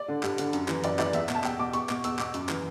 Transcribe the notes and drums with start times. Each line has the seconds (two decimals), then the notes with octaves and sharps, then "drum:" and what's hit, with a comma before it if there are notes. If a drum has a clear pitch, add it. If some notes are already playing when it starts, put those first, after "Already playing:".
Already playing: D5
0.08 D3
0.23 G2, drum: clap
0.38 D3, drum: hi-hat
0.53 F#2, drum: hi-hat
0.68 E3, drum: clap
0.84 F#2 D5, drum: hi-hat
0.99 E3 D5, drum: clap
1.13 E2 E5, drum: hi-hat
1.29 B2, drum: clap
1.35 A5
1.44 E2 G5, drum: clap
1.59 B2 D6
1.73 E2 C#6, drum: hi-hat
1.89 B2 D6, drum: clap
2.04 E2 E6, drum: hi-hat
2.19 B2 D6, drum: clap
2.34 F#2, drum: hi-hat
2.49 E3, drum: clap